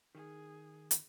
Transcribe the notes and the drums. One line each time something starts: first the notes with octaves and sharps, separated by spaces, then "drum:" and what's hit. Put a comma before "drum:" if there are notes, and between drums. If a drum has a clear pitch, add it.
D#3 G#4
drum: hi-hat